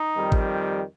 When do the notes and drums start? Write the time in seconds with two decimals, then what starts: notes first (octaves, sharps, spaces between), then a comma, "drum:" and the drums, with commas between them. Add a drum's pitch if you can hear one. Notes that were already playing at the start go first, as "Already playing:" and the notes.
Already playing: D#4
0.15 F2 D#3 G3
0.32 drum: kick G#1